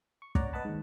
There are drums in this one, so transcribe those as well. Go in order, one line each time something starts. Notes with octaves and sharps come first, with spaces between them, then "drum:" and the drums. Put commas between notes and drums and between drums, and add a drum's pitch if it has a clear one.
C#6
C#5 D5 F#5 A#5, drum: kick
B4 D#5 F#5 A5 B5
D#2 G#2